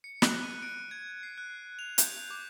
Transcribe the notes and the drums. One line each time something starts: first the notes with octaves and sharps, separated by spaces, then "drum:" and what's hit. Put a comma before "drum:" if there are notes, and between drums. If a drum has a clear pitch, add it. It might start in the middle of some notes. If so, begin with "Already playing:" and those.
C#7
F#6, drum: snare
D#7
D7
G#6
C7
F#6
F7
G6, drum: hi-hat
D6